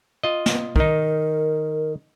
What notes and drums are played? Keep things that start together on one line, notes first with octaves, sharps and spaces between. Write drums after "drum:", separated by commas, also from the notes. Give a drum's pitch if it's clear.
F4 D#5
drum: snare
D#3 D#4 A#4, drum: kick